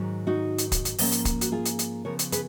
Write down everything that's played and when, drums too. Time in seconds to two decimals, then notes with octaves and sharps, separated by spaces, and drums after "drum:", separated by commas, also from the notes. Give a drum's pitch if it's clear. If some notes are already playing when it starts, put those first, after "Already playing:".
Already playing: G#2 D#3 F#3 C#4
0.27 D#4 F#4
0.58 drum: hi-hat
0.72 drum: kick, hi-hat
0.85 drum: hi-hat
0.98 G#2 F3 A#3 C#4, drum: open hi-hat
1.12 drum: hi-hat
1.25 drum: kick, hi-hat
1.41 F#4, drum: hi-hat
1.52 F4 G#4
1.65 drum: hi-hat
1.79 drum: hi-hat
2.05 C#3 F3 B3 A#4 C#5
2.19 drum: hi-hat
2.32 G#4 B4, drum: hi-hat